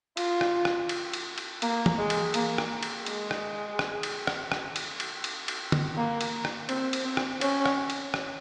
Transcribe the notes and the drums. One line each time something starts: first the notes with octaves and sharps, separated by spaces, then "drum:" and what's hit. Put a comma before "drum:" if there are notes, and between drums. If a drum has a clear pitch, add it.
F4, drum: cymbal
drum: rim click
drum: rim click
drum: cymbal
drum: cymbal
drum: cymbal
A#3, drum: cymbal
drum: tom E3
G#3
drum: cymbal
A#3, drum: cymbal
drum: rim click
drum: cymbal
G#3, drum: cymbal
drum: rim click
drum: rim click
drum: cymbal
drum: rim click
drum: rim click
drum: cymbal
drum: cymbal
drum: cymbal
drum: cymbal
drum: tom D3
A#3
drum: cymbal
drum: rim click
C4, drum: cymbal
drum: cymbal
C4
drum: rim click
C#4, drum: cymbal
drum: rim click
drum: cymbal
drum: rim click